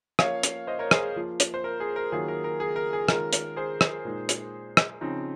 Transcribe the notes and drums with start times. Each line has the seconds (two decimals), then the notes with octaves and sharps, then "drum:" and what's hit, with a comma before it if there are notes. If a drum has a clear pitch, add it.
0.19 F3 A#3 C#4 C#5 F5, drum: rim click
0.43 drum: hi-hat
0.67 C5 D#5
0.79 A#4 C#5
0.91 G#4 C5, drum: rim click
1.16 F3 A#3 F4
1.40 drum: hi-hat
1.54 C5
1.64 A#4
1.80 G#4
1.96 A#4
2.12 D#3 F#3 A#3 F4 G#4
2.28 A#4
2.44 A#4
2.60 G#4
2.76 A#4
2.93 G#4
3.09 D#3 G#3 C#4 F4 A#4, drum: rim click
3.33 drum: hi-hat
3.56 G#4 C5
3.81 drum: rim click
4.05 A#2 G#3 D#4
4.29 drum: hi-hat
4.77 drum: rim click
5.01 C#3 F3 C4 D#4